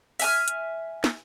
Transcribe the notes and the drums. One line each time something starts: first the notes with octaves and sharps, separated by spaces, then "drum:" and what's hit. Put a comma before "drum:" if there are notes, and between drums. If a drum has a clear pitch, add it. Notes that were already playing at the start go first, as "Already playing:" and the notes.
E5 G#5 F6, drum: open hi-hat
drum: hi-hat
drum: snare